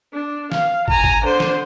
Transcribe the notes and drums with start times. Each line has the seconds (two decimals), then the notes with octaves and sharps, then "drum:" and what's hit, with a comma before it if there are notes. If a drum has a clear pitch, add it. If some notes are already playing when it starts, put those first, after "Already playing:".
0.13 D4
0.52 F5, drum: snare
0.88 G#5 A#5, drum: kick
1.04 drum: kick
1.24 D3 C5
1.40 drum: snare